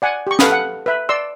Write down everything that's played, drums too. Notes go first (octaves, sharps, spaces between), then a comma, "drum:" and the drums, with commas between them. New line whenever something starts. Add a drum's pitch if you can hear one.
D5 F#5 G#5
G4 C#6
A4 B4 F5 F#5 B5 D#6, drum: snare
F#5
B4 E5
D5 C6 E6